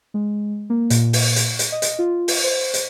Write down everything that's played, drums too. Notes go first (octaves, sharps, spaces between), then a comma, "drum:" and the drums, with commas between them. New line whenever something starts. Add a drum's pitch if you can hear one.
G#3
A#3
A#2, drum: hi-hat
drum: open hi-hat
drum: hi-hat
drum: hi-hat
D#5
drum: hi-hat
F4
drum: open hi-hat
C5
drum: hi-hat